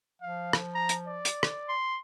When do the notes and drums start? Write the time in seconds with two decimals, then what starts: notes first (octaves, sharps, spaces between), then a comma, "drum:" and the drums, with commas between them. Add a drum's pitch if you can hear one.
0.22 F3 F5
0.53 drum: rim click
0.75 A#5
0.89 drum: hi-hat
1.07 D5
1.25 drum: hi-hat
1.43 drum: rim click
1.69 C6